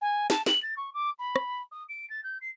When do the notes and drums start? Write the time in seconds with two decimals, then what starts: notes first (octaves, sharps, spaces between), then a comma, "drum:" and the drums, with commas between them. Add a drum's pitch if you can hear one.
0.01 G#5
0.30 A5, drum: snare
0.46 F#7, drum: snare
0.63 A6
0.77 C#6
0.94 D6
1.19 B5
1.36 drum: rim click
1.72 D#6
1.89 D7
2.10 A6
2.24 G6
2.41 C7